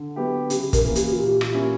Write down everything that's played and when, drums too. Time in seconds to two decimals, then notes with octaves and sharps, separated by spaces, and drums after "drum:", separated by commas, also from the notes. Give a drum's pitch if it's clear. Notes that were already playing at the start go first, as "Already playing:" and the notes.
Already playing: D3
0.16 F#3 B3 E4 G4
0.50 C#3 G4, drum: hi-hat
0.73 A#4, drum: kick, hi-hat
0.84 E3 A#3
0.95 G4, drum: hi-hat
1.10 F#4
1.18 A#2 G4
1.41 drum: rim click
1.52 A#3 C#4 E4